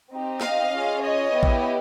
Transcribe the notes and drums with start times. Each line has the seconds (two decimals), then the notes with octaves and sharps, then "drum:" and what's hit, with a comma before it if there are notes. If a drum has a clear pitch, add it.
0.11 C4 D#4 G4
0.41 D#5 F5, drum: snare
0.71 C#4 F4 G#4
1.02 C#5 D#5
1.32 B3 E4 G4
1.43 drum: kick A#1